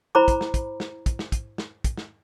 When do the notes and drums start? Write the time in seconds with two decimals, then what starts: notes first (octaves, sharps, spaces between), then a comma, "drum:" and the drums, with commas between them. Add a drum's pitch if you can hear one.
0.15 E4 C5 A#5 B5 D6
0.28 drum: kick, hi-hat
0.41 drum: snare
0.54 drum: kick, hi-hat
0.80 drum: snare
1.06 drum: kick, hi-hat
1.19 drum: snare
1.32 drum: kick, hi-hat
1.58 drum: snare
1.84 drum: kick, hi-hat
1.97 drum: snare